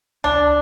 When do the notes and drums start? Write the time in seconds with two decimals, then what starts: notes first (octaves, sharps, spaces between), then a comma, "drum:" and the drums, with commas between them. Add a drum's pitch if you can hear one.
0.24 D4, drum: tom C#2